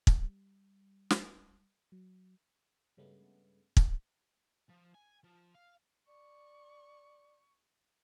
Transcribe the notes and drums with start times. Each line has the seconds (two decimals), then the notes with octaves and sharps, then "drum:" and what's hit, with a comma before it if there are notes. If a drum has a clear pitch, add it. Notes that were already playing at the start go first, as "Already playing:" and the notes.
0.07 G3, drum: kick
1.10 drum: snare
1.92 F#3
2.97 G2 C#3 G#3 A3 B3
3.77 drum: kick
4.69 F3
4.94 G#5
5.24 F3
5.54 F5
6.08 D5 C#6